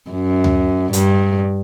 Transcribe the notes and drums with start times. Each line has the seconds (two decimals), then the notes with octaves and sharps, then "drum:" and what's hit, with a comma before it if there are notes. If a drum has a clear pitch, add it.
0.11 F#2
0.44 drum: tom D2
0.93 G2, drum: hi-hat